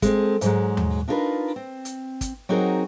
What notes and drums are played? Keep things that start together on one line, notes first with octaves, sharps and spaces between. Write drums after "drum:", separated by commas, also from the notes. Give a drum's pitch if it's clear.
G#3 C4 A4, drum: kick, hi-hat
G#2 F#3 G#3, drum: hi-hat
drum: tom D#2
D4 D#4 F4 G4 A#4 B4
C4
drum: hi-hat
drum: kick, hi-hat
F#3 C4 D#4 F#4 G#4 A#4